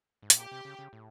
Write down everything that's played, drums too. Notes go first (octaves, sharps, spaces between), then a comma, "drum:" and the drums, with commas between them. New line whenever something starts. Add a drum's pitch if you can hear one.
G#2
A2, drum: hi-hat
A#2 G4
C3
C#3
C#3
A2